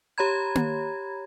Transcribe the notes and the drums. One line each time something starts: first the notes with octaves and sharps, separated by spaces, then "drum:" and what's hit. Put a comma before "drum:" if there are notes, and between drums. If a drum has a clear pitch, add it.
G4 C#5 A#5 B5 G#6
drum: tom A#3